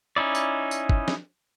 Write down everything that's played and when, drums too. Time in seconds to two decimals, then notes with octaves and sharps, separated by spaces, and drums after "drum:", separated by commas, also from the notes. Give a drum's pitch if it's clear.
0.16 C#4 D#4 E4 D5
0.35 drum: tambourine
0.71 drum: tambourine
0.89 drum: kick G1
1.08 drum: snare